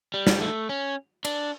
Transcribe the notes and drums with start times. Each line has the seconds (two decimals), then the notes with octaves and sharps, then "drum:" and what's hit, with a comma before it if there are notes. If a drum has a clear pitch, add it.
0.14 G3
0.27 drum: snare
0.41 A3
0.69 C#4
1.25 D4, drum: cymbal